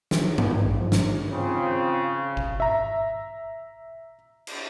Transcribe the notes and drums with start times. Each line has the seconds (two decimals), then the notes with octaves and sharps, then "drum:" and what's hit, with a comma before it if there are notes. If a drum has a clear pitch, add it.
0.11 E3, drum: snare
0.24 F#3
0.38 B3, drum: tom G2
0.52 G#2
0.65 A1
0.80 F3
0.92 G#2, drum: snare
1.32 C#3 C4 F4
2.37 drum: kick G1
2.60 E5 A#5
4.47 drum: cymbal